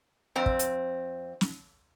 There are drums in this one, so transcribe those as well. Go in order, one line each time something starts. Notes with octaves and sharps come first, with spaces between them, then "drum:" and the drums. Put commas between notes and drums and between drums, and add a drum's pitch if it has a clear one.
F2 C4
drum: kick
drum: hi-hat
drum: snare